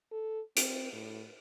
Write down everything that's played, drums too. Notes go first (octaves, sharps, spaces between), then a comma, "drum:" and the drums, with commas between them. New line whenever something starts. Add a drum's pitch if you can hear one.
A4
C4, drum: hi-hat
A2